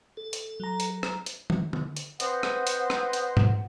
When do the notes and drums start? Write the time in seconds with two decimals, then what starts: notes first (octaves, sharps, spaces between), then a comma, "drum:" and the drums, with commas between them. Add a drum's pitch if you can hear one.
0.17 A4
0.33 drum: hi-hat
0.60 F#3 A#5
0.80 drum: hi-hat
1.03 drum: rim click
1.26 drum: hi-hat
1.50 drum: tom D#3
1.73 drum: tom
1.97 drum: hi-hat
2.20 C4 B4 C5 D#5 F#5, drum: hi-hat
2.43 drum: rim click
2.67 drum: hi-hat
2.90 drum: rim click
3.13 drum: hi-hat
3.37 drum: tom G#2